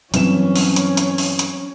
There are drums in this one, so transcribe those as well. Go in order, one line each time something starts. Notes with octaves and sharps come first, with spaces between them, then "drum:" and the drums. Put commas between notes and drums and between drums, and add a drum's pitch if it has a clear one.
G2 E3 F#3 C4 C#4 C#5 E7, drum: hi-hat
drum: open hi-hat
drum: hi-hat
drum: hi-hat
drum: open hi-hat
drum: hi-hat